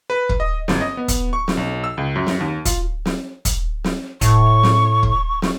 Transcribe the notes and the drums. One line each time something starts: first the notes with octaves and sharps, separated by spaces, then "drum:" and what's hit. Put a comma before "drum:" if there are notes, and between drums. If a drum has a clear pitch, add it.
B4
drum: kick
D#5
G1, drum: snare
D#5
B3
drum: kick, hi-hat
C#6
drum: snare
B1
E6
C#2
F#2
drum: snare
D#2
F4, drum: kick, hi-hat
drum: snare
drum: kick, hi-hat
drum: snare
A2 C#6, drum: kick, hi-hat
drum: snare
drum: kick
drum: snare